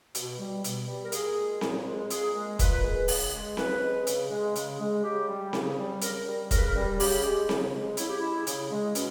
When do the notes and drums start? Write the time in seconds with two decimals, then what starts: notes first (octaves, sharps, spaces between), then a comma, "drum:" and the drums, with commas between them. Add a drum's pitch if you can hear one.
0.15 B2, drum: hi-hat
0.39 G3
0.64 B2, drum: hi-hat
0.88 G3
1.05 A#4
1.12 A#2 G#4, drum: hi-hat
1.37 G#3
1.61 A#2, drum: snare C4
1.86 G#3
2.10 A#2 G#4, drum: hi-hat
2.35 G#3
2.59 A#2 B4, drum: kick, hi-hat
2.83 G#3
3.08 C#3, drum: open hi-hat
3.33 G#3
3.57 C#3 B4, drum: snare C4
3.81 G#3
4.07 C#3, drum: hi-hat
4.30 G#3
4.55 C#3, drum: hi-hat
4.80 G#3
5.03 C#3 G4
5.28 G3
5.53 C#3, drum: snare C4
5.77 G3
6.01 C#3 A#4, drum: hi-hat
6.26 G3
6.51 C#3 A#4, drum: kick, hi-hat
6.58 B4
6.66 A#4
6.75 G3
7.00 C#3 G4, drum: open hi-hat
7.24 G#3
7.49 C#3, drum: snare C4
7.73 G#3
7.97 C#3 E4, drum: hi-hat
8.09 G4
8.20 G#3 E4
8.47 C#3, drum: hi-hat
8.71 G#3
8.95 B2 C#4, drum: hi-hat